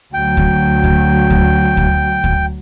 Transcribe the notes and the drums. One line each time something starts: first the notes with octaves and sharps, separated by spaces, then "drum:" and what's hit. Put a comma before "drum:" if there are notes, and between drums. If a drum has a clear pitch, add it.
D2 F#3 G5
drum: kick
drum: kick
drum: kick
drum: kick
drum: kick